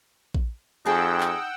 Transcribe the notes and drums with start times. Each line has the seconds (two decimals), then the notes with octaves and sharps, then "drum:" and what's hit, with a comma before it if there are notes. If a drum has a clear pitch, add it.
0.35 drum: kick A#1
0.86 F2 D#4 G#4 F#5 G5 A5 E6
1.21 drum: clap